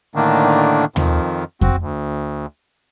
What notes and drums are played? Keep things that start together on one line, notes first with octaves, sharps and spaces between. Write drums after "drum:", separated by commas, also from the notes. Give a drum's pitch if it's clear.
A2 D3 D#3 A3 A#3 D4
F2 D#3 F3, drum: tom D#2
C4 F#4, drum: kick F2
D2